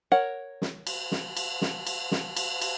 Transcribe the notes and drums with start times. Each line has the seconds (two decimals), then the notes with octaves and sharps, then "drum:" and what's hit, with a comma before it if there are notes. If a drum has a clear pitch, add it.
0.12 A#4 C#5 F#5
0.62 drum: snare
0.87 drum: cymbal
1.12 drum: snare
1.37 drum: cymbal
1.62 drum: snare
1.87 drum: cymbal
2.12 drum: snare
2.36 drum: cymbal
2.61 drum: cymbal